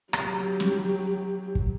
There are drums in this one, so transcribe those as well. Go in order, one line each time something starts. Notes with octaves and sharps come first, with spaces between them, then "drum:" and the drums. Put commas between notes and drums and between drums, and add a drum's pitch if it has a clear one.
F#3 G4, drum: rim click
drum: snare
drum: kick